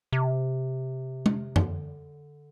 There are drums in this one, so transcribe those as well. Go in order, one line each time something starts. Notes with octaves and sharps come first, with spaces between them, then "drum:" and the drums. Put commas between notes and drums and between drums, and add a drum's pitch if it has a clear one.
C3
drum: tom
D3, drum: tom F#2